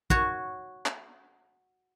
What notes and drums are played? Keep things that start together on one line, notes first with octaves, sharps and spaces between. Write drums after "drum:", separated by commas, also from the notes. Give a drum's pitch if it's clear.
F#4 C#5, drum: kick
drum: clap